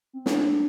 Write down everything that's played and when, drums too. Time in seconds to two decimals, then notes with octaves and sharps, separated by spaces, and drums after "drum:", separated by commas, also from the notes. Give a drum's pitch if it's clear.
0.13 C4
0.26 D4, drum: snare